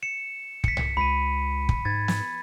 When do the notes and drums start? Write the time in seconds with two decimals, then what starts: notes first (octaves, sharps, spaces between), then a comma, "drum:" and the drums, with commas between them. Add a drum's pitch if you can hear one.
0.03 C#7 E7
0.64 B6 C#7, drum: kick
0.77 drum: tom B1
0.97 C#2 B5 B6 D#7
1.69 drum: kick
1.85 G#2 G#6 A6
2.08 drum: snare